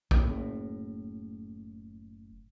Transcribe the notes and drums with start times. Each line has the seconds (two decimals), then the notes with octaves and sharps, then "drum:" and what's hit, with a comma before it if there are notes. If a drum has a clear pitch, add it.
0.11 F#1 A2, drum: kick A#1